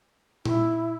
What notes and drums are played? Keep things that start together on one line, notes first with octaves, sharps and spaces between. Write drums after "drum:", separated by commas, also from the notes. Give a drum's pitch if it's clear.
E4, drum: tom A#2